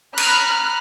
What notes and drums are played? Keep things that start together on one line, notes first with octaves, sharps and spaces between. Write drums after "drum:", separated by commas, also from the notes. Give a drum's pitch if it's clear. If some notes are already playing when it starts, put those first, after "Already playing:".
A#5 B5 F6 F#6, drum: cymbal